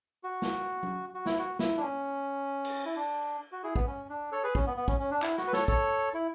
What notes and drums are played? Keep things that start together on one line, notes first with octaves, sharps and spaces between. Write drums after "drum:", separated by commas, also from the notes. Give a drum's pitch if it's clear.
F#4
drum: snare
drum: tom F#3
F#4
E4, drum: snare
F#4
E4, drum: snare
D4
C#4
drum: cymbal
E4
D4
F#4
E4 G#4
B3, drum: kick
C#4
D4
A4 C#5
G#4 B4
C#4, drum: kick
B3
B3
C#4, drum: kick
C#4
D4
E4, drum: clap
F#4, drum: rim click
B4
A4 C#5, drum: snare
A4 C#5, drum: kick
E4